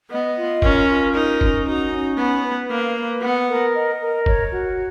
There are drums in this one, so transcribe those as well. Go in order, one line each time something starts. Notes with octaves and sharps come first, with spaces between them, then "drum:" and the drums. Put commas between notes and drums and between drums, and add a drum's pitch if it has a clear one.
B3 D#5
F4
C#4 A#4, drum: kick F#1
F4
D#4 A#4
C#4, drum: kick F#1
D#4 F#4
C#4
B3 B5
B4
A#3 F5
B4
B3 F#5
A#4
D#5
A#4
C#5, drum: kick F#1
F#4